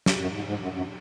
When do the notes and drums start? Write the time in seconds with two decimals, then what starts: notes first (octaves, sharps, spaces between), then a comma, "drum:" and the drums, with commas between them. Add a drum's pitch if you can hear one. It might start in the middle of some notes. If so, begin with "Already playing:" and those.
0.06 drum: snare
0.18 F#2
0.32 G#2
0.45 G#2
0.59 F#2
0.72 F#2